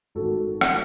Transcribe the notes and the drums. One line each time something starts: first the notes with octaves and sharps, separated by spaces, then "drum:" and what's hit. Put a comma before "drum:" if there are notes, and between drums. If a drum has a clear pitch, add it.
G#1 G#2 D#3 F#4 A4
drum: rim click